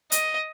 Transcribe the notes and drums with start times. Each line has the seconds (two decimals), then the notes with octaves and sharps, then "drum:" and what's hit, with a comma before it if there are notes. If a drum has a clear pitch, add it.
0.12 D#5, drum: hi-hat